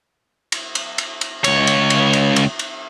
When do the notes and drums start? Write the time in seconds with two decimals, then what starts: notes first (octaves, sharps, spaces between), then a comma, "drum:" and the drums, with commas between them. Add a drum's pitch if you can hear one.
0.52 drum: cymbal
0.75 drum: cymbal
0.98 drum: cymbal
1.21 drum: cymbal
1.44 C#2 C#5, drum: cymbal
1.67 drum: cymbal
1.90 drum: cymbal
2.13 drum: cymbal
2.36 drum: cymbal
2.59 drum: cymbal